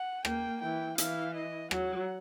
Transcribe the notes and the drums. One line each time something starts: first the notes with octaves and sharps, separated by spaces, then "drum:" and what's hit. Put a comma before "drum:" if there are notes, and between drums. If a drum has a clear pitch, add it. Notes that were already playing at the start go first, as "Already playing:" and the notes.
Already playing: F#5
A#3 G5, drum: rim click
E3 G5
E3 F5, drum: hi-hat
D#5
F#3 F#5, drum: rim click